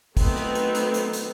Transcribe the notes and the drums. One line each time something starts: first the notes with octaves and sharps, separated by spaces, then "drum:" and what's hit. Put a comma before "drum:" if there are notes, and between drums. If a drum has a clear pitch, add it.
D#3 F#3 A3 B3 C4 D#4, drum: kick, open hi-hat
drum: rim click
drum: hi-hat
drum: hi-hat
drum: hi-hat
drum: hi-hat